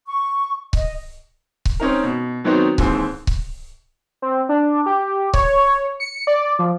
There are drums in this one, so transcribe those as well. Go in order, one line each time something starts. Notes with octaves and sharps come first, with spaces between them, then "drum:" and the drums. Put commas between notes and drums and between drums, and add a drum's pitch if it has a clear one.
C#6
D#5, drum: kick C#1
drum: kick C#1
C4 C#4 D#4 A#4
B2
D#3 F#3 B3 C4 D#4 F#4
D#2 G#2 E3 C4, drum: kick C#1
drum: kick C#1
C4
D4
G4
C#5, drum: kick C#1
C#7
D5
F3